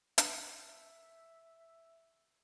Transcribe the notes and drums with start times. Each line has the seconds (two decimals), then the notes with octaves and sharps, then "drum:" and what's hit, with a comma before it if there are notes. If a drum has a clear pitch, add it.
0.18 A#4 B4 E5, drum: hi-hat